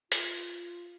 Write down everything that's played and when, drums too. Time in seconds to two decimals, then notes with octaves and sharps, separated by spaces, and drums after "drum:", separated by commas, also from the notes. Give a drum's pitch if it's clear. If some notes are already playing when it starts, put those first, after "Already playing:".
0.12 F4, drum: hi-hat